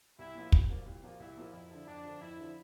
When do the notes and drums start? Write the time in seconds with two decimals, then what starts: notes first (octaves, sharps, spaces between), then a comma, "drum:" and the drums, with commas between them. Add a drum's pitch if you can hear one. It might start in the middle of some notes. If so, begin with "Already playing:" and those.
0.18 C2 E4
0.35 A#2 F3 A#3 F4
0.52 C2, drum: kick
0.69 A#2 F3 A#3 F4
0.86 C2
1.03 A#2 F3 A#3 F4
1.20 C2 E4
1.37 A#2 F3 A#3 F4
1.53 F2 E4
1.71 D3 F3
1.87 F2 D4
2.04 D3 F3
2.21 F2 E4
2.38 D3 F3